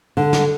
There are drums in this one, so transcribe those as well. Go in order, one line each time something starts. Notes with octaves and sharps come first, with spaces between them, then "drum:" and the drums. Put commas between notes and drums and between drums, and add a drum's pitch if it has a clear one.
D3
drum: snare